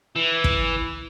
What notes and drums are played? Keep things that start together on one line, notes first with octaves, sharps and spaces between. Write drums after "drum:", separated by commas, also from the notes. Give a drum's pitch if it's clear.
E3
drum: kick